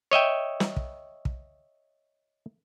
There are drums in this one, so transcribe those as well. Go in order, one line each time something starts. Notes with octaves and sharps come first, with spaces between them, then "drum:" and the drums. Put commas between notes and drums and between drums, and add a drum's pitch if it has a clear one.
C#5 D#5 E5 G5
drum: snare
drum: kick
drum: kick